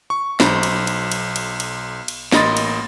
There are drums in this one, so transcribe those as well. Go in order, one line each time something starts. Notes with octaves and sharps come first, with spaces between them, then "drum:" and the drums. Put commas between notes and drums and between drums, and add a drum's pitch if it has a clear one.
C#6
B1 C5 A#5 B5, drum: snare
drum: cymbal
drum: cymbal
drum: cymbal
drum: cymbal
drum: cymbal
drum: cymbal
A1 A#3 D#5 B5 C6 A6, drum: snare
drum: cymbal